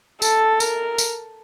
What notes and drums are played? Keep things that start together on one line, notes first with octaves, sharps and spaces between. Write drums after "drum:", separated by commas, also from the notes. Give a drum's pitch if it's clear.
A4, drum: tambourine
A#4, drum: tambourine
drum: tambourine